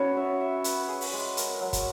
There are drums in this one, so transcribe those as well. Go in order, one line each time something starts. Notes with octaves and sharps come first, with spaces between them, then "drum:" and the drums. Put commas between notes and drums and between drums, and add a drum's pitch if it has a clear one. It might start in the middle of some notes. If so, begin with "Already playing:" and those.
Already playing: B3 C#4 F#4 C#5
E5
E5
B4, drum: hi-hat
G#4
drum: open hi-hat
G#3
A#4, drum: hi-hat
F#3
drum: kick, hi-hat